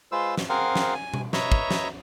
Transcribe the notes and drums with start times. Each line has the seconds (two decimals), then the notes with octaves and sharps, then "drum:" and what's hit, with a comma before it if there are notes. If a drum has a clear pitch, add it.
0.12 G#3 F4 B4 C5 E6
0.37 drum: snare
0.49 C4 G#4 A#4 C5 F5 F#5
0.76 drum: snare
0.95 G#5
1.14 drum: tom B2
1.33 B4 C#5 D#5 E5 A#5 C#6, drum: snare
1.52 drum: kick
1.71 drum: snare